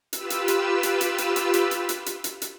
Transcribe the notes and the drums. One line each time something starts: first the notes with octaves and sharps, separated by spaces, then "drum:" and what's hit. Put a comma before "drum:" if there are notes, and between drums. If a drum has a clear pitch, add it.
F4 G4 B4 E6, drum: hi-hat
drum: hi-hat
drum: hi-hat
drum: hi-hat
drum: hi-hat
drum: hi-hat
drum: hi-hat
drum: hi-hat
drum: hi-hat
drum: hi-hat
drum: hi-hat
drum: hi-hat
drum: hi-hat